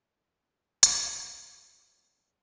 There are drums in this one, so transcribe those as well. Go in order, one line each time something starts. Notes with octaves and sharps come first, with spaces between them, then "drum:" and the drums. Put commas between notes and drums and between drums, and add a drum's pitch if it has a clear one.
F2 A2 F3 F#3 C4, drum: hi-hat